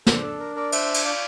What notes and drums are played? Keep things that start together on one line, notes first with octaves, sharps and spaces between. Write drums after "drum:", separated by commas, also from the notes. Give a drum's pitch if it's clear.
D4 A4 C5, drum: snare
A4
A#4
A#4 D5
C5 E5, drum: cymbal
drum: cymbal
D5 F5